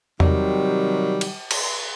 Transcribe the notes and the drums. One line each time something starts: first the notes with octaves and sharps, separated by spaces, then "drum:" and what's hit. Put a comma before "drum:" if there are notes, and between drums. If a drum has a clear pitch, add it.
C3 D#3 F#3 G3, drum: tom E2
drum: cymbal
drum: cymbal